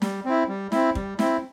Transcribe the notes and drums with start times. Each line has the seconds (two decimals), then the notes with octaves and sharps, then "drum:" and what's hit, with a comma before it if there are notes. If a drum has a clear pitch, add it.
0.02 G3, drum: snare
0.25 C4 E4
0.49 G3
0.72 C4 E4, drum: snare
0.95 G3, drum: kick
1.19 C4 E4, drum: snare